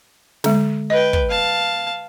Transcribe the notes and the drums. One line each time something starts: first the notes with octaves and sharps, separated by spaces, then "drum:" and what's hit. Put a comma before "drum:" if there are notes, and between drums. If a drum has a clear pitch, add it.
D3 G#3, drum: snare
B4 D#5 G5
drum: kick
F5 A5